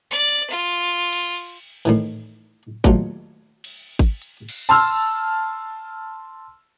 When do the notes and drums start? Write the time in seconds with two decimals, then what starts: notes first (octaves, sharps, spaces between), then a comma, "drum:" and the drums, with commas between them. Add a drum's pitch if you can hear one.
0.11 D5, drum: hi-hat
0.50 F4
1.13 drum: cymbal
1.85 A2 D#3 E3
2.84 D#2 B2 F#3 A3 F4, drum: kick G#1
3.64 drum: cymbal
3.99 drum: kick G#1
4.22 drum: hi-hat
4.49 drum: cymbal
4.69 A5 C6 E6 F6